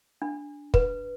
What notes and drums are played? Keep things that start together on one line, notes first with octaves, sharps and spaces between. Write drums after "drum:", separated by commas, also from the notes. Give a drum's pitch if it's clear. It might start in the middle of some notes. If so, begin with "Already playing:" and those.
D4
B4, drum: kick